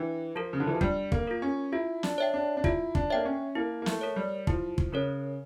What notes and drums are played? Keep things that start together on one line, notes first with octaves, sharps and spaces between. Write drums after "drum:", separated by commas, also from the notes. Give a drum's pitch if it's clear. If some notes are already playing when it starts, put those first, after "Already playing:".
Already playing: E3 D4
F3 F4 A#4
C#3
D3
E3
F3
G3 D4, drum: kick
A#3, drum: kick
F4 A#4
C#4
E4 F4
D4, drum: snare
C#5 E5 G5
D4
D4
E4 F4, drum: kick
D4, drum: kick
A#3 C#5 E5 G5
C#4
A#3 E4
A#3
A3, drum: snare
A#4 C#5
G3
F3 E4, drum: kick
drum: kick
C#3 A#4 C#5